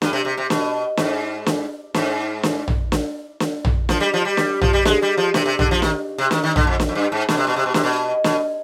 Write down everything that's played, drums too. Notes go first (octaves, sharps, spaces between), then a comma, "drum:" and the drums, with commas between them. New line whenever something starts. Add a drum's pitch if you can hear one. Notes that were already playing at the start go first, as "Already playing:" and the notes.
G2, drum: snare
C3
C3
C3
B2, drum: snare
G#2, drum: snare
drum: snare
G#2, drum: snare
drum: snare
drum: tom A#1
drum: snare
drum: snare
drum: tom A#1
F3, drum: snare
G3
F3
G3
drum: snare
F3, drum: tom A#1
G3
G#3, drum: snare
G3
F3
C3, drum: snare
C3
D3, drum: tom A#1
F3
D#3, drum: snare
C3
D#3, drum: snare
D#3
D3, drum: tom A#1
F2
drum: snare
F2
G2
G#2
B2, drum: snare
C3
B2
C3
B2
C3, drum: snare
B2
B2, drum: snare